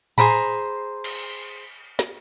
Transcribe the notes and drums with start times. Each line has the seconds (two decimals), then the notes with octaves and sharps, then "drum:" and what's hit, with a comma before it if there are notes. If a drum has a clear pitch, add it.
0.18 G#4 C5 A#5 B5, drum: tom A2
1.04 drum: cymbal
1.99 drum: snare